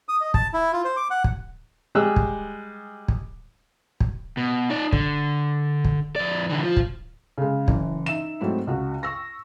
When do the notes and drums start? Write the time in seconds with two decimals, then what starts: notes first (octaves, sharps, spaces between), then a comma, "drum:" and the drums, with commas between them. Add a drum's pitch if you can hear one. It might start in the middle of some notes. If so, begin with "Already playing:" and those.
0.09 D#6
0.21 D#5
0.34 A5, drum: kick
0.54 E4
0.73 F4
0.85 C5
0.97 D6
1.11 F#5
1.24 drum: kick
1.95 G3 G#3 G#4 E6 F#6
2.16 drum: kick
3.08 drum: kick
4.00 drum: kick
4.37 B2
4.70 D#4 D5
4.92 D3, drum: kick
5.85 drum: kick
6.16 F2 D5
6.50 D3 E3
6.63 F3 F4
6.77 drum: kick
7.38 C#3 G#3
7.68 F#1 E3, drum: kick
8.06 D#4 E5 E7
8.41 G#2 F#3 A3 C4 E4
8.67 C#2 F#4
9.03 C#6 E6 A#6